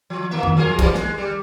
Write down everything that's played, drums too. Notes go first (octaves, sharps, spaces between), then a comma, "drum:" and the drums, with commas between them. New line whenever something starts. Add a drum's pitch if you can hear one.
F3
D#3 A#3 E5
drum: tom E2
F3 G#4 A#4
E3 F3 G3, drum: kick, cymbal
G#3, drum: snare
G3